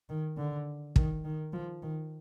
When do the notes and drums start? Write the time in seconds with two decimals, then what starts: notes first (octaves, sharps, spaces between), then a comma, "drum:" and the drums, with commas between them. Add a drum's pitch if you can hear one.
0.09 D#3
0.37 D3
0.96 D#3, drum: kick
1.25 D#3
1.53 F3
1.83 D#3